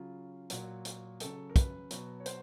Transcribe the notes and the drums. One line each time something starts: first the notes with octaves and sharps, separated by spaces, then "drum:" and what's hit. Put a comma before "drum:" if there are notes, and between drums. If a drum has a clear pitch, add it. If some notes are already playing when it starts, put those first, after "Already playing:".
Already playing: C#3 F#3 F4
A#2 F#3 F#4, drum: hi-hat
drum: hi-hat
C#3 F#3 A4, drum: hi-hat
A#4
B4, drum: kick, hi-hat
B2 F#3, drum: hi-hat
C#5
C5, drum: hi-hat